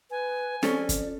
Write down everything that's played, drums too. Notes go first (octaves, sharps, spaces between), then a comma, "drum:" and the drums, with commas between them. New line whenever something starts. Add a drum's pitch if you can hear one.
B4 G#5
F3 C4 C#4 A4 D5, drum: snare
drum: kick, hi-hat